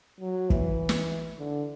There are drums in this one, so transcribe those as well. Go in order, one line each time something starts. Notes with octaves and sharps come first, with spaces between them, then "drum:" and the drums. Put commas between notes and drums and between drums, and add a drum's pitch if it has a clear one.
F#3
E3, drum: kick
drum: snare
D3